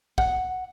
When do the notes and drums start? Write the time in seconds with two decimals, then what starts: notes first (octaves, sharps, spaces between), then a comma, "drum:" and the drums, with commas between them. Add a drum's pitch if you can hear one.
0.18 F#5, drum: kick